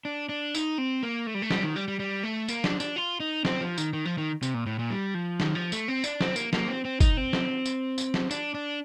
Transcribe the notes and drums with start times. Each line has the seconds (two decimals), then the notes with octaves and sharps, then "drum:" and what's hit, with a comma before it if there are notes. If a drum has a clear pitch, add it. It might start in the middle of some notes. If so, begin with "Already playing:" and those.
0.05 D4
0.29 D4
0.55 D#4, drum: tambourine
0.78 C4
1.03 A#3
1.27 A3
1.35 G3
1.42 A3
1.50 G3, drum: snare
1.63 D#3
1.76 G3
1.88 G3
2.00 G3
2.23 A3
2.48 A#3, drum: tambourine
2.64 D4, drum: snare
2.80 D4, drum: tambourine
2.96 F4
3.20 D#4
3.45 C4, drum: snare
3.61 F3
3.78 D#3, drum: tambourine
3.93 D#3
4.05 F3
4.18 D#3
4.43 C3, drum: tambourine
4.54 A#2
4.66 A2
4.79 A#2
4.91 G3
5.14 F3
5.40 D#3, drum: snare
5.55 F3
5.72 A3, drum: tambourine
5.88 C4
6.04 D4, drum: tambourine
6.21 C4, drum: snare
6.36 A#3, drum: tambourine
6.53 A#3, drum: snare
6.68 C4
6.85 C4
7.00 D#4, drum: kick, tambourine
7.17 C4
7.33 drum: snare
7.65 drum: tambourine
7.98 drum: tambourine
8.14 drum: snare
8.31 D4, drum: tambourine
8.54 D4